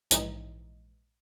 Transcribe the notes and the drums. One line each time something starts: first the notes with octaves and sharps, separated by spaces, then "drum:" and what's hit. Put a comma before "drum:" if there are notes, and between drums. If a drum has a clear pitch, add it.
A#1 G#2 E3 D#4, drum: hi-hat